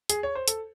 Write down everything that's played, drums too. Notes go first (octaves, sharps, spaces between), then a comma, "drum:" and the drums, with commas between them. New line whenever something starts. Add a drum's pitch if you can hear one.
G#4, drum: hi-hat
C#5
C5
A4, drum: hi-hat